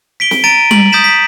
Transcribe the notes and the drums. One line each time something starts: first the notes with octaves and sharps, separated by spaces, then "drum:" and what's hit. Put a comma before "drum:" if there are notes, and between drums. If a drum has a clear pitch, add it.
B6 D7 G7
drum: snare
A#5 A6 D7 D#7
F#7, drum: tom G3
D#6 G6 A6 B6 E7
B6